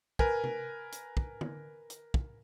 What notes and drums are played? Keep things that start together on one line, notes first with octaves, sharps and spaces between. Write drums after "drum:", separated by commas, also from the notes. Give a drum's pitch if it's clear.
A#4 B4 G#5, drum: kick
drum: tom C3
drum: hi-hat
drum: kick
drum: tom D3
drum: hi-hat
drum: kick